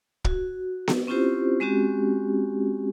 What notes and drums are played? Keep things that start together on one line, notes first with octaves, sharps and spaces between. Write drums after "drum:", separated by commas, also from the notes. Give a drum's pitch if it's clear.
F#4, drum: kick
drum: snare B3
C4 C#4 E4 F4 G4 C5
G#3 C4 C#4 F#4 G4